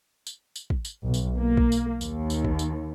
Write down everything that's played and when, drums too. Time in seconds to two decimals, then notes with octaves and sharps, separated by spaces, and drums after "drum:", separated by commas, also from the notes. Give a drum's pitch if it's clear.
0.27 drum: tambourine
0.56 drum: tambourine
0.70 drum: kick
0.85 drum: tambourine
1.03 B1
1.14 drum: tambourine
1.39 A#3
1.57 drum: kick
1.72 drum: tambourine
2.01 D#2, drum: tambourine
2.30 drum: tambourine
2.45 drum: kick
2.59 drum: tambourine